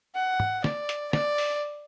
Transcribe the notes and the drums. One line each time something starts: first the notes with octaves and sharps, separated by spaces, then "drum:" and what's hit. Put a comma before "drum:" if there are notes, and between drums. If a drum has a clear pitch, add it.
F#5
drum: tom
D5, drum: snare
drum: hi-hat
D5, drum: snare
drum: open hi-hat